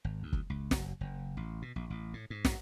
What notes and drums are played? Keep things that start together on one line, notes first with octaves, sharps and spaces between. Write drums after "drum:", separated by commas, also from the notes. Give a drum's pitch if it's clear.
G#1
D2
drum: kick
C#2
F#1, drum: snare
F#1
A1
B2
A#1
A1
A2
G#2
drum: snare